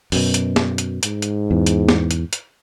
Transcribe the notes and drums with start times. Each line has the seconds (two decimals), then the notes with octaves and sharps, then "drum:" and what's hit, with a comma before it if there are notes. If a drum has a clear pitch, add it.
0.12 F#2 B2, drum: open hi-hat
0.34 drum: hi-hat
0.56 drum: snare
0.78 drum: hi-hat
1.03 G#2, drum: hi-hat
1.22 drum: hi-hat
1.51 E2
1.66 drum: hi-hat
1.89 drum: snare
2.11 drum: hi-hat
2.33 drum: hi-hat